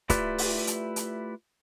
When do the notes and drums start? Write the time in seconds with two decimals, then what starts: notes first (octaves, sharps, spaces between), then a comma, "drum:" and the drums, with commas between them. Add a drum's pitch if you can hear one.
0.10 A3 E4 F4 G4 B4 D5, drum: kick C#1, hi-hat
0.38 drum: open hi-hat
0.67 drum: hi-hat
0.96 drum: hi-hat